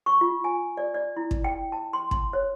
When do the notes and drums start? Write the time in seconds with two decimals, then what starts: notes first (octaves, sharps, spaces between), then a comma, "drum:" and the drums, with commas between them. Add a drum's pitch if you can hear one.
0.06 C#6
0.21 F4
0.44 G#5
0.77 D5
0.94 D5
1.17 E4
1.31 drum: kick
1.44 G5
1.72 A5
1.93 C6
2.11 C6, drum: kick
2.33 C#5